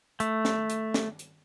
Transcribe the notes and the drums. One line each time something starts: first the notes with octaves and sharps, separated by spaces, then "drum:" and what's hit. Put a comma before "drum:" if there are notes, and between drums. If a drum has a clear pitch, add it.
A3, drum: hi-hat
drum: snare
drum: hi-hat
drum: snare
drum: hi-hat